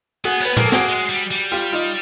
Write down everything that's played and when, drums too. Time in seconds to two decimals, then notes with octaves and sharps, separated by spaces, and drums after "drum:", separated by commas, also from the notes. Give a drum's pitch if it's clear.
0.25 B3 F#4 G#4
0.41 B3 B4, drum: cymbal
0.57 A#3 G#4 A#4, drum: tom
0.65 A4
0.72 A#3 F#4 G#4, drum: snare
0.88 G#3
1.09 G3
1.31 G3
1.52 F4 G4, drum: hi-hat
1.73 D#4 F4